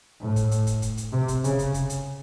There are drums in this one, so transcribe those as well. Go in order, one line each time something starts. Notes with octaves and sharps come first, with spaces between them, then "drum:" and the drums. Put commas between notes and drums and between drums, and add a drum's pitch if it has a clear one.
A2
drum: kick, hi-hat
drum: hi-hat
drum: kick, hi-hat
drum: kick, hi-hat
drum: hi-hat
C3
drum: kick, hi-hat
C#3, drum: hi-hat
drum: kick, hi-hat
drum: kick, hi-hat
drum: hi-hat